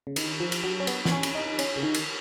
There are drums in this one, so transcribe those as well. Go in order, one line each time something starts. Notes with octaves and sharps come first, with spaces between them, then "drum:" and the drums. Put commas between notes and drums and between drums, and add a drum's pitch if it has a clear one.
C#3
D#3, drum: cymbal
F3
drum: cymbal
F#3
C#4
B3, drum: cymbal
B3, drum: snare
C#4
drum: cymbal
D#4
C#4, drum: cymbal
C#3
D#3
drum: cymbal